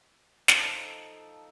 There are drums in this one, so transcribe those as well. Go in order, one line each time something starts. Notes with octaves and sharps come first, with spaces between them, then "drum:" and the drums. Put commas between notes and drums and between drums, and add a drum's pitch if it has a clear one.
F3 D#4 A4 G#5, drum: snare